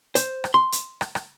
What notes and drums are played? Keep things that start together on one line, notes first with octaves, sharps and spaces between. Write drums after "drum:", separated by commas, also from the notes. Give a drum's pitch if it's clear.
C5, drum: hi-hat
drum: rim click
C6
drum: hi-hat
drum: rim click
drum: rim click